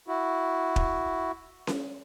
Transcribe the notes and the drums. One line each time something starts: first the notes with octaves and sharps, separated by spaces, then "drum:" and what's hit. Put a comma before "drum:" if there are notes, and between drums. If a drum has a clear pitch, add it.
E4 F#4
drum: kick
drum: snare C#4